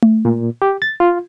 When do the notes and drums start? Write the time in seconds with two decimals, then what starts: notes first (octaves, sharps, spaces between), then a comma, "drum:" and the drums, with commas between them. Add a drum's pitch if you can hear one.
0.02 drum: tom A3
0.25 A#2
0.62 G4
0.82 A6
1.00 F4